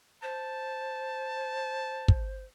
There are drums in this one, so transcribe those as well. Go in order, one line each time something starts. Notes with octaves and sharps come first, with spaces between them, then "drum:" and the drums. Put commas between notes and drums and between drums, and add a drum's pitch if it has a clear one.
C5 A5
drum: kick